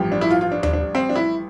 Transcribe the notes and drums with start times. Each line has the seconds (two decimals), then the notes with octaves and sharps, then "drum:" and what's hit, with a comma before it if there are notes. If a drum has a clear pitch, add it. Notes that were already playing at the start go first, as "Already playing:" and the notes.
Already playing: A1 G2 F3 G4
0.12 D4
0.21 E4
0.31 F4
0.41 F4
0.52 D4
0.63 D4, drum: tom D#2
0.73 D4
0.95 C4
1.09 D4
1.15 E4